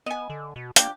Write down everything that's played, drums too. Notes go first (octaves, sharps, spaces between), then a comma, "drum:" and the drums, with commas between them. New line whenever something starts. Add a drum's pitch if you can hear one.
B3 D#5 G#5
D3
B2
F3 A#3 D4 G4, drum: hi-hat